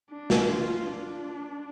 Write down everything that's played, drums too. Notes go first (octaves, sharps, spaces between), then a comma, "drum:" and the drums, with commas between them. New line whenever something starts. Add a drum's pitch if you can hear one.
D4
drum: snare
F4
D4